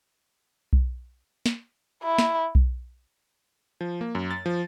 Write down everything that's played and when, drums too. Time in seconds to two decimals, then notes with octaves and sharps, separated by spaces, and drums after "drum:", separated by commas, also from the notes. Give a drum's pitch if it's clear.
0.73 drum: kick B1
1.46 drum: snare
2.03 E4
2.19 drum: snare
2.55 drum: kick B1
3.81 F3
4.01 A#3
4.15 F#2
4.31 A6
4.46 F3